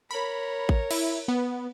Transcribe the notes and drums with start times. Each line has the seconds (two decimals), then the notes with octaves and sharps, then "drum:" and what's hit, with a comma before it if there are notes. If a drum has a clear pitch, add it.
0.11 A#4 C#5 B5
0.69 drum: kick A1
0.91 E4, drum: cymbal
1.28 B3